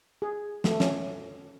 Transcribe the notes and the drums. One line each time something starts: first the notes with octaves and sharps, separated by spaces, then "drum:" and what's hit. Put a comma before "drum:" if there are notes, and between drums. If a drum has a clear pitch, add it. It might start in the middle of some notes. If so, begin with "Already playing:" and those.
G#4
A3, drum: snare
C#4, drum: snare